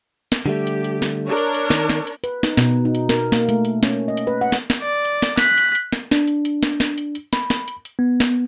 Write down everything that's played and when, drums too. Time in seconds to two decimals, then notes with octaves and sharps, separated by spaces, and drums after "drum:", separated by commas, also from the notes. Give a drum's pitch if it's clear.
0.32 drum: snare
0.46 D3 G3 A3 G4
0.67 drum: hi-hat
0.84 drum: hi-hat
1.02 drum: snare
1.28 D4 A#4 C#5
1.37 drum: hi-hat
1.54 drum: hi-hat
1.70 D#3, drum: snare
1.89 drum: snare
2.07 drum: hi-hat
2.24 B4, drum: hi-hat
2.43 D#4, drum: snare
2.57 B2, drum: snare
2.85 D#4
2.95 drum: hi-hat
3.09 A#4, drum: snare
3.32 A#3, drum: snare
3.49 A3, drum: hi-hat
3.65 drum: hi-hat
3.83 C#4, drum: snare
4.08 D#5
4.17 drum: hi-hat
4.27 B4
4.41 F#5
4.52 drum: snare
4.70 drum: snare
4.82 D5
5.05 drum: hi-hat
5.22 drum: snare
5.37 F#6 B6, drum: snare
5.57 drum: hi-hat
5.75 drum: hi-hat
5.92 drum: snare
6.11 D4, drum: snare
6.28 drum: hi-hat
6.45 drum: hi-hat
6.63 drum: snare
6.80 drum: snare
6.98 drum: hi-hat
7.15 drum: hi-hat
7.33 B5, drum: snare
7.50 drum: snare
7.68 drum: hi-hat
7.85 drum: hi-hat
7.99 B3
8.20 drum: snare